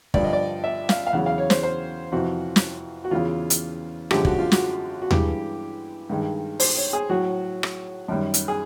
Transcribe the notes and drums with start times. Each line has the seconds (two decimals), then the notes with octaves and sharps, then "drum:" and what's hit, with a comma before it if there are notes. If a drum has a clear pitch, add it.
0.14 G2 D3 F3 D5, drum: kick
0.24 D#5
0.33 D5
0.64 E5
0.89 F5, drum: snare
1.07 F5
1.13 E2 C#3 F#3 F#5
1.26 F5
1.38 C#5
1.50 C5, drum: snare
1.63 C5
2.12 F2 C3 E3 F#4
2.56 drum: snare
3.04 F#4
3.11 E2 C#3 E3 F4
3.50 drum: hi-hat
4.11 F#2 D3 F3 G#3 G4, drum: rim click
4.25 F#4, drum: kick
4.39 F4
4.52 F#4, drum: snare
5.02 F#4
5.11 G2 E3 G#3 G4, drum: tom D#2
6.10 G2 D#3 G#3
6.60 C5, drum: open hi-hat
6.76 C#5
6.93 G#4
7.09 A2 F#3 F#4
7.63 drum: rim click
8.08 F#2 D#3 G3
8.34 drum: hi-hat
8.48 G#4